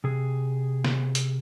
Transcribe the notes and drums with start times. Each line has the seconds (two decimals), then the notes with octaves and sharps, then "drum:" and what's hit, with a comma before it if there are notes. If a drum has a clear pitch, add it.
0.04 C3 G#4
0.85 drum: snare
1.15 drum: hi-hat